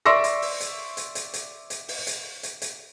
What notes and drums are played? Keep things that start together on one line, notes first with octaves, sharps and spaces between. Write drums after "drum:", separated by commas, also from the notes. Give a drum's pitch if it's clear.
D5 E5 C6 C#6 E6 A#6
drum: hi-hat
drum: open hi-hat
drum: hi-hat
drum: hi-hat
drum: hi-hat
drum: hi-hat
drum: hi-hat
drum: open hi-hat
drum: hi-hat
drum: hi-hat
drum: hi-hat